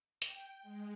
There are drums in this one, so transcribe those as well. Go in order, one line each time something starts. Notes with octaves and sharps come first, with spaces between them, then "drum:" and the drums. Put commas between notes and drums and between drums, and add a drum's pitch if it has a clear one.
G5, drum: hi-hat
G#3